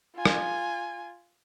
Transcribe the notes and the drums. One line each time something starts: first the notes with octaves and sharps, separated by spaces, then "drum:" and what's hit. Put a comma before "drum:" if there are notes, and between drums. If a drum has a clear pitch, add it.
F4 G#5
drum: rim click